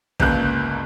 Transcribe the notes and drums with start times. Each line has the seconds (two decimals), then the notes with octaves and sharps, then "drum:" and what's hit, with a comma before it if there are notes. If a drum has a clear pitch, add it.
0.20 G1 C#2 A#3 F#6 G6, drum: kick